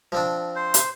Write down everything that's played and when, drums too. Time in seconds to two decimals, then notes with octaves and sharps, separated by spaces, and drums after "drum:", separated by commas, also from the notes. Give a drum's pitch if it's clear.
0.12 F3 C4 D4
0.56 C5
0.74 drum: hi-hat